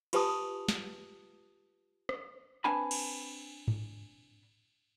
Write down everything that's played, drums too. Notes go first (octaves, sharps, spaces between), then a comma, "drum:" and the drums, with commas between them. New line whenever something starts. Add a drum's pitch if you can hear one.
F4 G4 B4 G#5 A5 D#6, drum: cymbal
drum: snare
drum: rim click
C4 D4 B4 G#5 A5 B5
drum: cymbal
drum: tom G#2